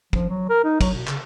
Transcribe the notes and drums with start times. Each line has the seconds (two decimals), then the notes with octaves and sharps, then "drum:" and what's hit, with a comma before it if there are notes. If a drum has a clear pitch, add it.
0.13 F3, drum: kick
0.29 F#3
0.50 A#4
0.64 D#4
0.81 F#3, drum: kick, cymbal
0.94 B2
1.07 C#3, drum: clap